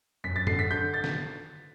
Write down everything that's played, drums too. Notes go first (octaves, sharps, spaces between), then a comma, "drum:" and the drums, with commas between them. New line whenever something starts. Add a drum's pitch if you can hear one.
F#2 B6
A6
D3 C7, drum: tom G#2
B6
D3 G6
A6
drum: snare